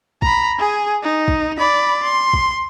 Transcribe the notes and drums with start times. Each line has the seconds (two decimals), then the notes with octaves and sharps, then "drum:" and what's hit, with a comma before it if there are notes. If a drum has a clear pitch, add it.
0.22 A#5 B5, drum: kick
0.59 G#4 G#5
1.03 D#4
1.28 drum: kick
1.58 D5 B5
2.04 C6
2.33 drum: kick